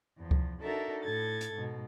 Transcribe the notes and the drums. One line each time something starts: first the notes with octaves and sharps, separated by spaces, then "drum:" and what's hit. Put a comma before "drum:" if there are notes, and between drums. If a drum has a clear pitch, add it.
E2 F3
drum: kick C#2
D4 D#4 F#4 A4 A#4 E5
A2 A4 G#6 A6
drum: hi-hat
G#2 B2